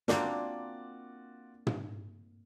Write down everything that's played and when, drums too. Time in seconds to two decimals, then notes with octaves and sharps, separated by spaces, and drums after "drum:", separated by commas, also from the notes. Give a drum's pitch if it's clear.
0.08 A#3 C4 D4 F4 F#4 D5, drum: snare
1.67 drum: tom